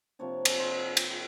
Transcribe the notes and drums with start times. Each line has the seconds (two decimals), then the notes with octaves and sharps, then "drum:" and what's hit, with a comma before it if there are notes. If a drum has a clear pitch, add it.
0.19 C3 F3 A#3 D4 C#5
0.45 drum: cymbal
0.58 C5
0.97 drum: cymbal